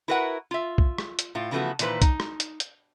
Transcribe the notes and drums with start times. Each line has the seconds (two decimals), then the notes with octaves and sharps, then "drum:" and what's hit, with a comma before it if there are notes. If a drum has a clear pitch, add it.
0.08 E4 F#4 A#4 B4 E5 F#5
0.51 F4 E5
0.78 drum: kick B1
0.98 drum: rim click
1.19 drum: hi-hat
1.35 A2 F4
1.51 C#3 E3 F3 A3 B3 F#4
1.79 A#2 D#3 E3 D#4 B4 C5, drum: hi-hat
2.02 D#4, drum: kick B1, hi-hat
2.20 drum: rim click
2.40 drum: hi-hat
2.60 drum: hi-hat